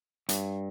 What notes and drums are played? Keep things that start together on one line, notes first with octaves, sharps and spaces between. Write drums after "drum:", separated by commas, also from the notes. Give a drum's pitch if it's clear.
G2, drum: hi-hat